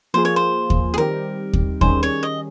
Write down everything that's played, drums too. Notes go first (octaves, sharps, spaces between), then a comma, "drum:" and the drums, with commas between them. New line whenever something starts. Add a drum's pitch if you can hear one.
F3 A#3 F4 G#4 C5
C#5
C5
drum: kick D#2
G#4
D#3 G3 C4 G4 A#4
drum: kick D#2
D#3 G3 C#4 G#4 C5, drum: kick D#2
C#5
D#5